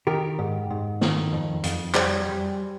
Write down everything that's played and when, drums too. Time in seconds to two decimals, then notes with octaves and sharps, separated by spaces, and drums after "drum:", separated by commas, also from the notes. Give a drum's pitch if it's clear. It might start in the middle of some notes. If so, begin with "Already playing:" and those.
0.07 D#3 G4 A#4
0.39 G#2
0.70 G#2
1.01 D#3, drum: snare
1.32 F2
1.64 F2, drum: hi-hat
1.94 G3 G#4 C5, drum: clap
2.26 G3